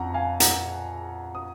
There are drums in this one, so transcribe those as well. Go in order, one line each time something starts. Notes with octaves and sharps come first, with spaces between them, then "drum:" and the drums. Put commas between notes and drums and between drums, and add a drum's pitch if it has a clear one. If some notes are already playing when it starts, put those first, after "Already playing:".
Already playing: F2 F#5 A#5
F5 G#5
F#5 A#5, drum: hi-hat
D#6